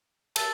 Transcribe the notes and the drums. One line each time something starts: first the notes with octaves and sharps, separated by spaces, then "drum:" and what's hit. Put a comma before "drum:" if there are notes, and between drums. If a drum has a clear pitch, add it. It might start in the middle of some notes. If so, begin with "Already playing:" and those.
A5 E6 A6, drum: cymbal